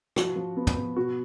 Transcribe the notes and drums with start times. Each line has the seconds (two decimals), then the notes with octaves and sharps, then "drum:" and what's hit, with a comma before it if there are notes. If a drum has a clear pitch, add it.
0.16 F3 F#4, drum: rim click
0.36 F3
0.57 B3
0.67 drum: tom
0.76 B3
0.96 B2 F#4